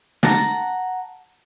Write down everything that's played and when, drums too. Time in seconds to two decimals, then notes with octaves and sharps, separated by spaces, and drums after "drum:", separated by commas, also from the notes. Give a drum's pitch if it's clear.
0.23 F#5 A5 A#5, drum: snare